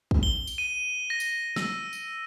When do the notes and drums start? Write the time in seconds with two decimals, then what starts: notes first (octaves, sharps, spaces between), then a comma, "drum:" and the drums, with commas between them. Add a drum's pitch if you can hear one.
0.11 drum: kick
0.23 G7
0.47 drum: tambourine
0.58 D#7
1.10 A#6
1.20 drum: tambourine
1.56 E6, drum: snare
1.93 drum: tambourine